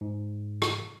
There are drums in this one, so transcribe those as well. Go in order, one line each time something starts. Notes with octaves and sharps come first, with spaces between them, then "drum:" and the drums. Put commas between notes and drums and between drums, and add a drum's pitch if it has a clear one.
G#2
drum: rim click